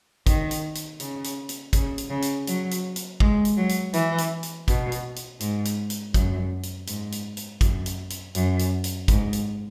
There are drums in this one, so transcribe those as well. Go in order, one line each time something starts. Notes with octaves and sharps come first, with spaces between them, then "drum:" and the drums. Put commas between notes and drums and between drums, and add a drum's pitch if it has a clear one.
D#3, drum: kick, hi-hat
drum: hi-hat
drum: hi-hat
C#3, drum: hi-hat
drum: hi-hat
drum: hi-hat
C#3, drum: kick, hi-hat
drum: hi-hat
C#3
drum: hi-hat
F#3, drum: hi-hat
drum: hi-hat
drum: hi-hat
G#3, drum: kick
drum: hi-hat
F#3
drum: hi-hat
E3, drum: hi-hat
drum: hi-hat
drum: hi-hat
B2, drum: kick, hi-hat
drum: hi-hat
drum: hi-hat
G#2, drum: hi-hat
drum: hi-hat
drum: hi-hat
F#2, drum: kick, hi-hat
drum: hi-hat
G#2, drum: hi-hat
drum: hi-hat
drum: hi-hat
F#2, drum: kick, hi-hat
drum: hi-hat
drum: hi-hat
F#2, drum: hi-hat
drum: hi-hat
drum: hi-hat
G#2, drum: kick, hi-hat
drum: hi-hat